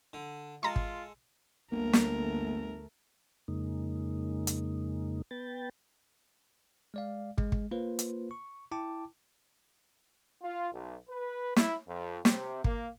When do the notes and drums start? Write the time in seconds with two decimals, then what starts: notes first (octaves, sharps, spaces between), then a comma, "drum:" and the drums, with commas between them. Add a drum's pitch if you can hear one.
0.13 D3
0.63 G#3 F4 A4 A#5 C6
0.76 drum: kick
1.72 G1 D2 A3 A#3 A#4
1.93 drum: snare
3.48 F2 C#3 G#3 A#3 D#4
4.47 drum: hi-hat
5.31 B3 B4 G5 A6
6.94 G#3 D5 F5
7.38 G#3, drum: kick
7.52 drum: kick
7.71 A#3 F4 B4 C5
7.99 drum: hi-hat
8.31 C#6
8.71 E4 G5 A5 D6
10.43 F4
10.72 B1
11.09 B4
11.56 E4, drum: snare
11.87 F2
12.25 C3, drum: snare
12.64 A#3, drum: kick